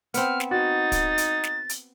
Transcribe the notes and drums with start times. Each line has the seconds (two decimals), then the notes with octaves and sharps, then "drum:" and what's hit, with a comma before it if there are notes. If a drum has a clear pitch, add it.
0.14 B3 C4 F6, drum: hi-hat
0.40 drum: snare
0.51 D#4 F#4 A6
0.92 drum: kick, hi-hat
1.18 drum: hi-hat
1.44 drum: snare
1.69 drum: hi-hat